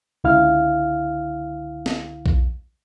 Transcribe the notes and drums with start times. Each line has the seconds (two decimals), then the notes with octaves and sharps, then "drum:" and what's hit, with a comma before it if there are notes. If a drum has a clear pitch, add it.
0.24 C#2 D3 E4 F5 F6
1.86 drum: snare
2.26 drum: kick B1